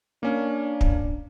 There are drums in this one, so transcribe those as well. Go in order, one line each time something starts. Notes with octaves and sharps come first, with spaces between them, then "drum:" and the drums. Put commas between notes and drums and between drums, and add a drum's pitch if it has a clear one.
A#3 C#4 D4
drum: kick